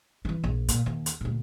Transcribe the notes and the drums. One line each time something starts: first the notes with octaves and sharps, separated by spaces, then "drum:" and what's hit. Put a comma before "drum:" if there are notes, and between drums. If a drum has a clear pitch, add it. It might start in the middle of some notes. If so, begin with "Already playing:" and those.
D#3 E3
A#1
A#2, drum: hi-hat
D#2
drum: hi-hat
D2 A#2